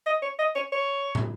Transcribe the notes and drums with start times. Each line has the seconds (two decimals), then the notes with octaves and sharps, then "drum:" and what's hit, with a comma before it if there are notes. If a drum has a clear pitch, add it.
0.06 D#5
0.22 C#5
0.39 D#5
0.55 C#5
0.72 C#5
1.15 drum: tom